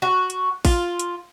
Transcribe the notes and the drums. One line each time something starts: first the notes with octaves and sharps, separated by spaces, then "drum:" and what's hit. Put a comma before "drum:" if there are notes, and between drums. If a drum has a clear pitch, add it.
F#4
drum: hi-hat
F4, drum: kick A1, open hi-hat
drum: hi-hat